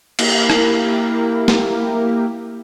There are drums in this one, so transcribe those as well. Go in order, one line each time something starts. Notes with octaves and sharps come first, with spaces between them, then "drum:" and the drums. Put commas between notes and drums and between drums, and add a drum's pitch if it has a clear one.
A#3 E4 G4 A#4, drum: cymbal
drum: rim click
drum: snare